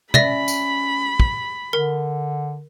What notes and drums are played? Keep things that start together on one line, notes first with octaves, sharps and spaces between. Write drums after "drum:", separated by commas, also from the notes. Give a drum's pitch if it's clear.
C#4 D5 E5 B5 A#6, drum: tom
drum: tambourine
drum: kick
D3 A#4